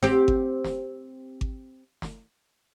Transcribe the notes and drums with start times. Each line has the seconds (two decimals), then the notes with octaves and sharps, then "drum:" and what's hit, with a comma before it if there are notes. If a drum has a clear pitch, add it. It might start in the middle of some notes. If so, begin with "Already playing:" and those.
0.03 C4 G4, drum: snare
0.28 drum: kick G#1
0.64 drum: snare
1.41 drum: kick G#1
2.02 drum: snare